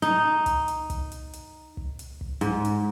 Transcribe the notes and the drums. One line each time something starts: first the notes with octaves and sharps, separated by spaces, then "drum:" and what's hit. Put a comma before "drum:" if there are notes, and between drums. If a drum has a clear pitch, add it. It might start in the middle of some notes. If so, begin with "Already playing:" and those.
D#4, drum: hi-hat
drum: kick, hi-hat
drum: hi-hat
drum: kick, hi-hat
drum: hi-hat
drum: hi-hat
drum: kick
drum: hi-hat
drum: kick
G#2, drum: hi-hat
drum: hi-hat